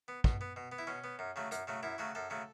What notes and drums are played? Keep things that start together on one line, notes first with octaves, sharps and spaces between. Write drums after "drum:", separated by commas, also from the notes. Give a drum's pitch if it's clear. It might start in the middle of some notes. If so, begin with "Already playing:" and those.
B3
B2, drum: kick
B3
B2
B3
E4
B2 C#4
B3
F#2
C#3 F#3 A3
F#2, drum: hi-hat
C#3 F#3 A3
F#2 E4
C#3 F#3 A3 F#4
F#2 A4
C#3 F#3 A3